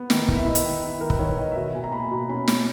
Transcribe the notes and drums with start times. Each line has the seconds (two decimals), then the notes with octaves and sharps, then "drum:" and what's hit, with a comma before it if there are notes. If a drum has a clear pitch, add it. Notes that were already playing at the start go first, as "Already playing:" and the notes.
Already playing: B3
0.10 D#3, drum: snare
0.28 E4, drum: kick
0.35 E5
0.46 E4 D#5
0.55 drum: hi-hat
0.64 D#3
0.83 E4
1.01 D#3 A#4
1.10 B4, drum: kick
1.19 D#3 C#5
1.38 D#3 D#5
1.52 E5
1.56 B2 D#5
1.66 E5
1.75 B2 G#5
1.84 A#5
1.92 A#3 B5
2.11 B2
2.29 C#4 B5
2.48 C#4, drum: snare